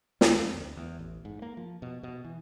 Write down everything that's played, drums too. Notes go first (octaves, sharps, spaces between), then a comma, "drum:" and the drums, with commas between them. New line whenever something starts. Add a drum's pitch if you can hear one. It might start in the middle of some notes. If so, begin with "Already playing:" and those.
D#2, drum: snare
F2
D2
E2
A1
G#2
A#3
F3
B2
B2
E3